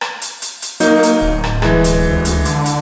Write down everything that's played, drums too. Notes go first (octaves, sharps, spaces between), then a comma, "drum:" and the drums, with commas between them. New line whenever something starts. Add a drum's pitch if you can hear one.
drum: rim click
drum: hi-hat
drum: hi-hat
drum: hi-hat
F#3 A#3 D#4 G6, drum: hi-hat
drum: hi-hat
D1
drum: rim click
E3 G#3, drum: rim click
drum: hi-hat
D2
drum: hi-hat
D3, drum: hi-hat
drum: hi-hat